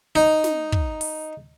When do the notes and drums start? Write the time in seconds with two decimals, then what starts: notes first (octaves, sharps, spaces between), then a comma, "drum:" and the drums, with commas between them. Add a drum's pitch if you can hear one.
0.15 D#4
0.44 drum: snare
0.72 drum: kick
1.01 drum: open hi-hat